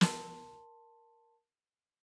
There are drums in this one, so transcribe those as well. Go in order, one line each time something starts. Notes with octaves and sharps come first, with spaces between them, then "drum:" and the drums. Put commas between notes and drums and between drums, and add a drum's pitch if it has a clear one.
A#4 A5 C6, drum: snare